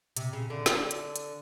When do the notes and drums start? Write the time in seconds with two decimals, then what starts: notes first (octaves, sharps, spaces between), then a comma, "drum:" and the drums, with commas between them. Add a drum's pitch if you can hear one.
0.17 C3, drum: hi-hat
0.33 C#3
0.50 D3
0.66 drum: snare
0.91 drum: hi-hat
1.16 drum: hi-hat